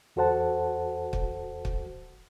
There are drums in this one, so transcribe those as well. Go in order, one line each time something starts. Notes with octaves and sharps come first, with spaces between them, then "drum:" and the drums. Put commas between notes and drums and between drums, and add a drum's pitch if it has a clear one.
E2 F#4 A4 C5 F#5 A5
drum: kick
drum: kick